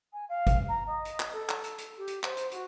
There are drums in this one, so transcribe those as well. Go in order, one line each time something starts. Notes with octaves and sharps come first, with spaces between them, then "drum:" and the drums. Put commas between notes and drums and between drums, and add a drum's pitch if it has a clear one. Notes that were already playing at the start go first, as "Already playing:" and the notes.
G#5
F5
drum: kick G#1, hi-hat
A#5
D#5
drum: hi-hat
drum: clap
A4
drum: clap
drum: hi-hat
drum: hi-hat
G4
drum: hi-hat
C5, drum: clap
drum: hi-hat
F#4, drum: hi-hat